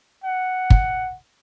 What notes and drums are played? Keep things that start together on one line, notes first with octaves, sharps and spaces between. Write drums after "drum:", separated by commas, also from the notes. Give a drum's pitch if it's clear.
F#5
drum: kick